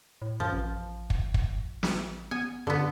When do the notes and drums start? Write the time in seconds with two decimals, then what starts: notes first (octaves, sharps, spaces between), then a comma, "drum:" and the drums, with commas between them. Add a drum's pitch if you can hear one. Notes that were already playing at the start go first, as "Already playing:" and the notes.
0.22 A2
0.40 F#2 F3
0.52 A1
1.10 drum: kick
1.34 drum: kick
1.83 drum: snare
2.31 B3 G#5
2.67 G2 D3 B3